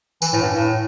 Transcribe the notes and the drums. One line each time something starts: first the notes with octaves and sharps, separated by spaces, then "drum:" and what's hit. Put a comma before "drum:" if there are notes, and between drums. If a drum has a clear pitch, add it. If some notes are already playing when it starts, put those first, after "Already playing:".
E3, drum: tambourine
A2
G2
A2